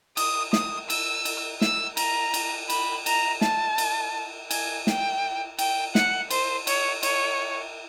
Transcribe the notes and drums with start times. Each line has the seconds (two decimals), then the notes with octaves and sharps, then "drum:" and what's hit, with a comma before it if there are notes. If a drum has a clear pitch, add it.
0.17 D#6, drum: cymbal
0.53 D#6, drum: snare
0.90 E6, drum: cymbal
1.25 drum: cymbal
1.61 E6, drum: snare
1.97 A#5, drum: cymbal
2.34 drum: cymbal
2.70 B5, drum: cymbal
3.06 A#5, drum: cymbal
3.41 A5, drum: snare
3.78 drum: cymbal
4.51 G#5, drum: cymbal
4.87 G5, drum: snare
5.59 G5, drum: cymbal
5.95 F#5, drum: snare
6.30 C5, drum: cymbal
6.67 C#5, drum: cymbal
7.03 C#5, drum: cymbal